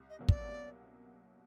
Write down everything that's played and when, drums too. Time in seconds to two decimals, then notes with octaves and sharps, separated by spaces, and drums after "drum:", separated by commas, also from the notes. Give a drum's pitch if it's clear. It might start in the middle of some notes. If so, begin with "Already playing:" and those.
Already playing: C2
0.10 D#5
0.19 B2 F#3 A#3 C#4
0.29 D5, drum: kick
0.48 C2